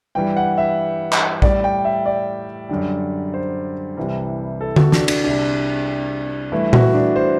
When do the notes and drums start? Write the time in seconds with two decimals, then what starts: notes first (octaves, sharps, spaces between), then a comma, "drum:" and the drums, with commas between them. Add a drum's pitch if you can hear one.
0.15 G2 E3 G3 G5
0.37 F#5
0.58 E5
1.13 drum: clap
1.42 A2 G3 D5, drum: kick A#1
1.64 G5
1.85 E5
2.05 D5
2.69 F#2 D3 G3
3.34 C5
3.97 C2 C3 E3 G3
4.61 A4
4.76 F#4, drum: tom D3
4.92 D4, drum: snare
5.08 D4, drum: cymbal
5.24 C2 C3 G3 D4
6.52 G2 E3 A3 E4
6.73 F#4, drum: tom A#2
6.94 D4
7.16 C5